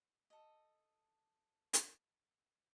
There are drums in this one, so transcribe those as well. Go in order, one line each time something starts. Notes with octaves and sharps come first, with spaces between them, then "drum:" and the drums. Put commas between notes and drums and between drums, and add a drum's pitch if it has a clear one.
A4 D#5
drum: hi-hat